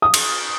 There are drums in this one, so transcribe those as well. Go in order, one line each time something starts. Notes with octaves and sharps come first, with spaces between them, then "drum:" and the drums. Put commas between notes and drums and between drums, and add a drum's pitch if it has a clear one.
D#6
drum: cymbal